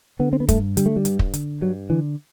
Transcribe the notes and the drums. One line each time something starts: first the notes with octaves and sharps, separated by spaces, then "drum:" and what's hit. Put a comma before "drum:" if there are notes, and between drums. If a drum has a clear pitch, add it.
D3 B3
C4
B3
G2 A3, drum: kick, hi-hat
D3 G3, drum: hi-hat
A3
G3
G2, drum: hi-hat
drum: kick
D3, drum: hi-hat
G2 F#3
D3 E3